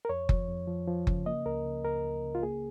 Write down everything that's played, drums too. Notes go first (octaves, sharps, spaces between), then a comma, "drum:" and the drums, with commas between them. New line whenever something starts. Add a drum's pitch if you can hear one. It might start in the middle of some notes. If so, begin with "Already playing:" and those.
A#4
F2 C#5
F3, drum: kick F#1
F2
F3
F3
C#3, drum: kick F#1
A#3 D#5
C#2 A#4
C#3
C#2 A#4
C#2
C#3
F4
A#3 G#4